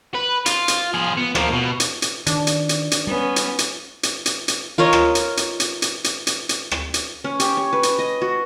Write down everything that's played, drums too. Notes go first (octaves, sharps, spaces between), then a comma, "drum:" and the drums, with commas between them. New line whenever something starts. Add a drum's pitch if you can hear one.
B4
F4, drum: hi-hat
drum: hi-hat
F3 G#4
B3
F3 A#3, drum: rim click
B2
drum: hi-hat
drum: hi-hat
D#3 D4, drum: hi-hat
drum: hi-hat
drum: hi-hat
drum: hi-hat
G3 B3 C#4
drum: hi-hat
drum: hi-hat
drum: hi-hat
drum: hi-hat
drum: hi-hat
F4 A#4 C#5 D#5
drum: rim click
drum: hi-hat
drum: hi-hat
drum: hi-hat
drum: hi-hat
drum: hi-hat
drum: hi-hat
drum: hi-hat
drum: rim click
drum: hi-hat
C#4
G4, drum: hi-hat
C#5
B4
drum: hi-hat
D#5
F#4